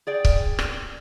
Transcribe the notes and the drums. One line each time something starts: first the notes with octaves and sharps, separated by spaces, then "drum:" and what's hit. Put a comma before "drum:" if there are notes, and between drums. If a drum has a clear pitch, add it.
G#4 D5 G5
drum: kick C#1
drum: rim click